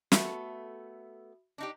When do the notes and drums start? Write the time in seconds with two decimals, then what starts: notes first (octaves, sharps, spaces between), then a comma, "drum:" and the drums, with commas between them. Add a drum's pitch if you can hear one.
0.12 A3 B3 F#4 A4 E5 B5, drum: snare
1.58 D4 D#4 G4